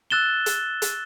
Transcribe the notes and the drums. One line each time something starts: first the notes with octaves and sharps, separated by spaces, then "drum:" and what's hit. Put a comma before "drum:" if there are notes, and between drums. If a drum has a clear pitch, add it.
E6 F#6 A6 E7 G7
drum: hi-hat
drum: hi-hat